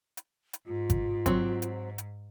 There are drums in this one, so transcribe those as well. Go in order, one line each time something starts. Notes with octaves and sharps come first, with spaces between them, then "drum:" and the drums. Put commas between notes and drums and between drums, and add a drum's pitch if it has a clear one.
drum: hi-hat
drum: hi-hat
G#2 F4
drum: kick G#1, hi-hat
F#3 C4, drum: kick G#1, hi-hat
drum: hi-hat
drum: hi-hat